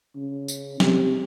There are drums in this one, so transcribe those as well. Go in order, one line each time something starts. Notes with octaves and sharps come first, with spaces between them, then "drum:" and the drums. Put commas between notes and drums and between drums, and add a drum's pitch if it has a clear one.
C#3
drum: tambourine
C3, drum: snare